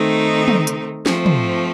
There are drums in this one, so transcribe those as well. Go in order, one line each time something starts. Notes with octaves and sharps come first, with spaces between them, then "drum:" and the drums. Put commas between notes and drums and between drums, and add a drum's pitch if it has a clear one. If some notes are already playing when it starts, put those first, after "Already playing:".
Already playing: D#3 A3 C4 D#4
drum: tom
drum: hi-hat
F3 A3 C4, drum: snare
drum: tom